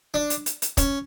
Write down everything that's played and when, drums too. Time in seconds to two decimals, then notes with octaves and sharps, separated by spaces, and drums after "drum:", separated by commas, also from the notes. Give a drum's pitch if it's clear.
0.14 D4
0.30 drum: hi-hat
0.46 drum: hi-hat
0.62 drum: hi-hat
0.77 C#4, drum: kick, hi-hat